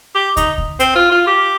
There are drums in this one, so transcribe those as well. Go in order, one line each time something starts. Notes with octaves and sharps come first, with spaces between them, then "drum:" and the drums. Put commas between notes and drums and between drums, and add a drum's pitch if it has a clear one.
G4
D#4, drum: kick, hi-hat
drum: kick
C4, drum: hi-hat
F4
F4
G4